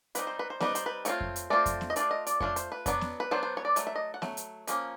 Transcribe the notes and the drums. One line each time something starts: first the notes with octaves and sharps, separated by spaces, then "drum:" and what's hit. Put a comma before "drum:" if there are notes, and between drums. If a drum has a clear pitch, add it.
G3 C4 D#4 B4, drum: hi-hat
C5
B4
C5
G3 C4 D#4 B4, drum: snare B3
C5, drum: hi-hat
B4
A3 C4 F4 C#5, drum: hi-hat
drum: kick F2
drum: hi-hat
A3 C4 F4 D5
drum: kick F2, hi-hat
drum: snare B3
D#5
A3 D4 F4 D5, drum: hi-hat
D#5
D5, drum: hi-hat
A3 D4 F4 C#5, drum: kick F2
C5, drum: hi-hat
B4
F#3 B3 D4, drum: kick F2, hi-hat
drum: snare B3
B4
F#3 B3 D4 C5
C5
C#5
D5
F#3 A3, drum: hi-hat
E5
D#5
F#5
F#3 A3, drum: snare B3
drum: hi-hat
F3 A#3 C#4, drum: hi-hat